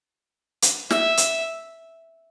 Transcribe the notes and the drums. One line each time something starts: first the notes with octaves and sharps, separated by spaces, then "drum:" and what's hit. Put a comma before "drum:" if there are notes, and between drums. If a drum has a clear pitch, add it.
drum: hi-hat
E5, drum: snare
drum: hi-hat